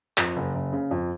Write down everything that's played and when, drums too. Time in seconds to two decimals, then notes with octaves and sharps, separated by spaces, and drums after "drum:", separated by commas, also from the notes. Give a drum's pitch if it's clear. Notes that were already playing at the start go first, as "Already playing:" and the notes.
0.18 F2, drum: clap
0.36 F#1
0.54 F#1
0.73 C#3
0.91 F2